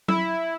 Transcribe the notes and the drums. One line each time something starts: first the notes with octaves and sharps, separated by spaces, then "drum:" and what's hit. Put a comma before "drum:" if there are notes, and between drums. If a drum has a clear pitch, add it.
E4, drum: tom F#3